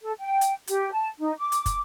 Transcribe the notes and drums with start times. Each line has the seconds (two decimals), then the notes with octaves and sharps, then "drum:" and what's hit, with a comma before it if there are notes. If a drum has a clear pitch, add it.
0.01 A4
0.19 G5
0.41 drum: hi-hat
0.67 G4, drum: hi-hat
0.92 A5
1.19 D#4
1.38 D6
1.52 drum: hi-hat
1.66 drum: kick, hi-hat